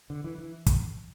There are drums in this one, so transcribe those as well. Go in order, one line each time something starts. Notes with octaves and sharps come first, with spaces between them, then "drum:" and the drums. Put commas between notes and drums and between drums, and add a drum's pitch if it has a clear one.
D3
E3
E3
drum: kick, hi-hat